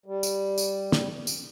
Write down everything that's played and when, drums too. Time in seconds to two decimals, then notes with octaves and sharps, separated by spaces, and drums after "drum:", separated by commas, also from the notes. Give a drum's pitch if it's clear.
0.06 G3
0.23 drum: tambourine
0.58 drum: tambourine
0.92 drum: snare
1.27 drum: tambourine